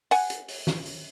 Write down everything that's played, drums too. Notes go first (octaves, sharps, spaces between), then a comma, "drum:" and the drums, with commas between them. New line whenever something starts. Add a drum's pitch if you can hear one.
F#5 G#5, drum: open hi-hat
drum: hi-hat
drum: open hi-hat
drum: snare
drum: open hi-hat